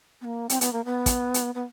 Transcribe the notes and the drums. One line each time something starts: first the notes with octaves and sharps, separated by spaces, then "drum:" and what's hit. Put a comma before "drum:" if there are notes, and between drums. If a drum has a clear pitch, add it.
B3
A#3
C4, drum: hi-hat
B3, drum: hi-hat
A#3
B3
drum: kick, hi-hat
drum: hi-hat
B3